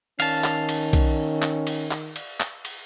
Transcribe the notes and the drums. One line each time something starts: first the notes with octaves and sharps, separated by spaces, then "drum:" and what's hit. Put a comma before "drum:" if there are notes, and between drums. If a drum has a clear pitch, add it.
D#3 C#4 F5 A5, drum: cymbal
drum: clap
drum: cymbal
drum: kick B1, cymbal
drum: clap
drum: cymbal
drum: clap
drum: cymbal
drum: clap
drum: cymbal